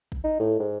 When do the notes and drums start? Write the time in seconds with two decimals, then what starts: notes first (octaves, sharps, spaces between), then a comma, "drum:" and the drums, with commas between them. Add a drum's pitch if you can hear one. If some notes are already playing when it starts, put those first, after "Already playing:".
0.12 drum: kick
0.24 D#4
0.39 A2
0.59 G#2